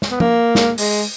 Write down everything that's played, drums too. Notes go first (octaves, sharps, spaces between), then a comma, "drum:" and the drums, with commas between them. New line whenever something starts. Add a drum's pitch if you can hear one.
drum: snare
B3
A#3, drum: tom
drum: snare
G#3, drum: open hi-hat